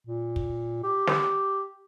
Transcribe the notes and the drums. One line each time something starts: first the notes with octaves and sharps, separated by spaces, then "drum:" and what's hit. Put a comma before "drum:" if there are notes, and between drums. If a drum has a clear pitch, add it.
A#2
drum: kick
G4
drum: snare